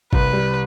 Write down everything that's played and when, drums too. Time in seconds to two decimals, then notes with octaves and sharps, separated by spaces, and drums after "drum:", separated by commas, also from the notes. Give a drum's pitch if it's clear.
0.13 C2 B4, drum: kick
0.33 G3